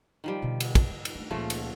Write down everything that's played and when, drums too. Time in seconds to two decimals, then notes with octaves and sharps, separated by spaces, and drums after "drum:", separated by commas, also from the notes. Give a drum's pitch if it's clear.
0.24 D#3 F3 G3
0.42 B2 D3
0.60 drum: cymbal
0.75 drum: kick, cymbal
0.90 F#3
1.05 drum: cymbal
1.15 A3 D4
1.30 C#2 A#2 C#3 F3 A3
1.50 drum: cymbal